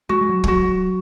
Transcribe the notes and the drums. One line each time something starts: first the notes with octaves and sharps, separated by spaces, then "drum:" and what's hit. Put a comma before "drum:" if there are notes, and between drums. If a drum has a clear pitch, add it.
G#3 F#4
G#3
F#3
G#3, drum: kick
F#3 F#4